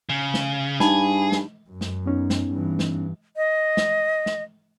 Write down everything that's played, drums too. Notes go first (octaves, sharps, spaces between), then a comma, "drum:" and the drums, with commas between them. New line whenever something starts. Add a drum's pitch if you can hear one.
C#3
drum: snare
G2 D#4 G#4 A5 B5, drum: snare
drum: snare
F#2
drum: snare
B3 C#4 D#4
drum: snare
G2 E3
drum: snare
D#5
drum: snare
drum: snare